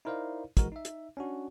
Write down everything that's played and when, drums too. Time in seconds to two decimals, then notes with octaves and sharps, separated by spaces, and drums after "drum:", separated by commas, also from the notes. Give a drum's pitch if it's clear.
0.05 D#4 E4 A#4 C5 D5 F5
0.57 A#1 E3 G#3 F#4 A#4, drum: kick, hi-hat
0.72 D#4 E5
0.85 drum: hi-hat
1.17 C#4 D4 F#4